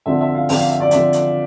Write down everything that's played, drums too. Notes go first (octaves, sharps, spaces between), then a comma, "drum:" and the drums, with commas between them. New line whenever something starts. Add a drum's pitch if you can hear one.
F2 D3 F3 E5
E5
F5
F2 D3 F3 G5, drum: open hi-hat
F5
E5
D5
F2 D3 F3 E5, drum: hi-hat
drum: hi-hat